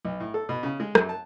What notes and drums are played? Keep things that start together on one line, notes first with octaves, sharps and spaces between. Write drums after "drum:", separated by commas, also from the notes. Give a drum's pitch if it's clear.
B1
A2
A4
B2
C#3
G#3
F#2, drum: rim click
A5